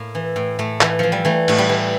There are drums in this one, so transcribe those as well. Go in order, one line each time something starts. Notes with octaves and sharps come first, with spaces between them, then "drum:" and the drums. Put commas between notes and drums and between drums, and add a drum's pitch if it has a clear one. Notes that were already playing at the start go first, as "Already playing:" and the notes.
Already playing: A2 A#3
E3
A2
A2 A3
E3, drum: clap
E3 F3
G3
E3 A3
A2 A3, drum: cymbal
G3
E3